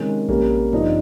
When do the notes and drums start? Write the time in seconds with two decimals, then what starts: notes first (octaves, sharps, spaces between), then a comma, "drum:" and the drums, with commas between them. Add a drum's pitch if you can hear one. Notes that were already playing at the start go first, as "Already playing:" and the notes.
Already playing: C3 D#3 G#3 C#4
0.29 C3 G3 A#3 C#4, drum: kick A#1
0.73 G2 F3 C4 D#4, drum: tom G#2